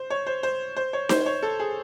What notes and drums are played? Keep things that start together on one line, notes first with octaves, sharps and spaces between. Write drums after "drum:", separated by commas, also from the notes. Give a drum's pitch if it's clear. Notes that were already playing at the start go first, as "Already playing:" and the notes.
Already playing: C5
C#5
C5
C5
C5
C#5
C5, drum: snare D#4
C#5
A4
G#4